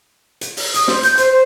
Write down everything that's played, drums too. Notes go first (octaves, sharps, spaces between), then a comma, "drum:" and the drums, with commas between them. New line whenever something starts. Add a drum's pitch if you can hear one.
drum: hi-hat
drum: open hi-hat
D#6, drum: hi-hat
C5, drum: snare
G6, drum: hi-hat
C5, drum: hi-hat
C5